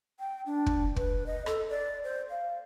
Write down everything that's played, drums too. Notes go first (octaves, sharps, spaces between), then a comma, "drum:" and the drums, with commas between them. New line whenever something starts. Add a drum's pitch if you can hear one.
G5
D4
drum: kick
B4, drum: kick
D#5
A4, drum: rim click
D5
C5
F5